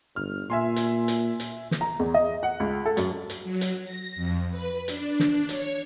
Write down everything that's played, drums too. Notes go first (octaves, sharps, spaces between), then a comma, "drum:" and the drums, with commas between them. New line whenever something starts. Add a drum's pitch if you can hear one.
G1 F6
A#2 E5 G#5 C6
drum: hi-hat
drum: hi-hat
drum: hi-hat
drum: snare
A#5
E2
D#5
F#5
C#2
A4
F#2, drum: hi-hat
drum: hi-hat
F#3
drum: hi-hat
A#6
F2
B4
D4, drum: hi-hat
drum: snare
C#5, drum: hi-hat